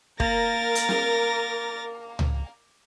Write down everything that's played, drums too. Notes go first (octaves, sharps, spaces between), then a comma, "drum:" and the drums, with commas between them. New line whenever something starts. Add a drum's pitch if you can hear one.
A#3 A#4 A6 A#6, drum: kick
drum: hi-hat
drum: snare
drum: tom C#2